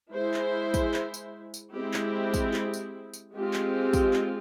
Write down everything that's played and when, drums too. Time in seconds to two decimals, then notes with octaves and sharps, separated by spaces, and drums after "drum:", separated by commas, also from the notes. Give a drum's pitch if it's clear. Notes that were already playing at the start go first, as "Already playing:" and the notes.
0.13 G#3 E4 C5
0.34 drum: clap
0.74 drum: kick, tambourine
0.94 drum: clap
1.14 drum: tambourine
1.54 drum: tambourine
1.73 G#3 C4 E4 G4
1.94 drum: clap
2.34 drum: kick, tambourine
2.54 drum: clap
2.74 drum: tambourine
3.14 drum: tambourine
3.33 G#3 C4 F4 G4
3.53 drum: clap
3.93 drum: kick, tambourine
4.13 drum: clap